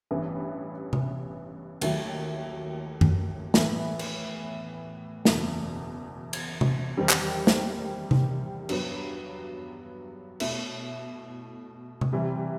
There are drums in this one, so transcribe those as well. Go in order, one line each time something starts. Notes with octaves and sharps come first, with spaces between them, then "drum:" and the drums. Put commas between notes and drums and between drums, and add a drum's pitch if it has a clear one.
A1 G2 E3 B3
drum: tom C3
D#2 D#3 F#3 A3 E4, drum: cymbal
drum: tom F#2
A2 E3 B3, drum: snare
drum: cymbal
F#1 E2 B2, drum: snare
drum: cymbal
drum: tom C3
E2 D#3 G3 C4
drum: clap
drum: snare
drum: tom C3
G2 F#3 B3, drum: cymbal
B2 A3 E4, drum: cymbal
drum: tom C3
C3 E3 G3